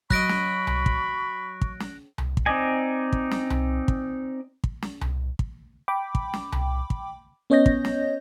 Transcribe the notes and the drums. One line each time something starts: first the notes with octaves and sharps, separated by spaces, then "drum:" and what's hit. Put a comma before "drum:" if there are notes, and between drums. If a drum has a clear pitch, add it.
F#3 D#5 B5 C#6 F#6 A#6 D7, drum: kick
drum: snare
drum: tom C2
drum: kick
drum: kick
drum: snare
drum: tom C2
drum: kick
C4 D#4 D5 D#5 G#5
drum: kick
drum: snare
drum: tom C2
drum: kick
drum: kick
drum: snare
drum: tom C2
drum: kick
G5 B5 D6
drum: kick
drum: snare
drum: tom C2
drum: kick
B3 C#4 C#5 D#5 G6 A#6
drum: kick
drum: snare